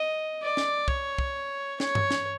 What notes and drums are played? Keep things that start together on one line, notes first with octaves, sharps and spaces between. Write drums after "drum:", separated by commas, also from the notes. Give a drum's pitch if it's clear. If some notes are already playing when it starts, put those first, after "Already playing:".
Already playing: D#5
D5
drum: snare
C#5, drum: kick
drum: kick
C#5, drum: snare
drum: tom G2
drum: snare